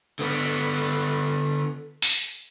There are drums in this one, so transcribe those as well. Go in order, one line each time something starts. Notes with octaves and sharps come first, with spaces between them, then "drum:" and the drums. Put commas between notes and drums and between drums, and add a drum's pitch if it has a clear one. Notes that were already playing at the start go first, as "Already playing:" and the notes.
D3 B3
drum: open hi-hat